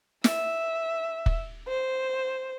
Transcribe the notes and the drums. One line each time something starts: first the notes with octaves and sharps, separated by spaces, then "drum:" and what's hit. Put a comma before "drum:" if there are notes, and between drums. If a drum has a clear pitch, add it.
E5, drum: snare
drum: kick
C5